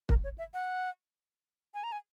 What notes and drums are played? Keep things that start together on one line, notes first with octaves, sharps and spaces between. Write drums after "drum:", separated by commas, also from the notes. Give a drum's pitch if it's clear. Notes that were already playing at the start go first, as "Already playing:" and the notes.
A#4, drum: kick
C#5
E5
F#5
G#5
A#5
G#5